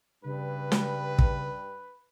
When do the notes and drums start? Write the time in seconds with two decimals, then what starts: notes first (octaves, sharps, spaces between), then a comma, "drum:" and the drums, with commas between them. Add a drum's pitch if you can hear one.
0.25 G2 C#3 B4
0.72 drum: snare
1.19 drum: kick